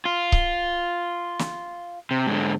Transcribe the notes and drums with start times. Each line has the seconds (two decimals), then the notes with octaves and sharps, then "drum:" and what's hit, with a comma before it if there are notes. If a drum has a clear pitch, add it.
0.05 F4
0.32 drum: kick C#1
1.39 drum: snare
2.11 C3
2.27 G#2 D3